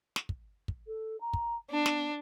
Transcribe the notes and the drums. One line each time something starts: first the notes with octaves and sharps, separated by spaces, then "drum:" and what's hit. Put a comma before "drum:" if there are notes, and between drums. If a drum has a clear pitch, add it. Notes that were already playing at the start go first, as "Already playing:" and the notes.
drum: snare
drum: kick
drum: kick
A4
A#5
drum: kick
B3 D4
drum: snare